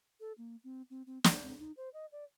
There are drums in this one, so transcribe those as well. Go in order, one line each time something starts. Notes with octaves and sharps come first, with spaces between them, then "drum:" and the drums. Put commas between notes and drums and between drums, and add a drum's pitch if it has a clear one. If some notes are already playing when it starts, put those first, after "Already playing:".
A4
A#3
C4
C4
C4
A#3, drum: snare
C4
D#4
C5
D#5
D5